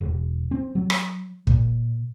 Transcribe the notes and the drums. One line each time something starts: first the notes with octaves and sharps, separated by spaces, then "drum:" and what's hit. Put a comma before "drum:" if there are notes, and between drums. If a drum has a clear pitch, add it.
E1
C4
F#3
drum: rim click
A#2, drum: kick